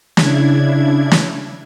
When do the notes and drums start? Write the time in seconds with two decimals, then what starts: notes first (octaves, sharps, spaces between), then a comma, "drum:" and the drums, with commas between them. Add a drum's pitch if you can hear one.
0.17 C#3 D4 E4 G#6, drum: snare
1.12 drum: snare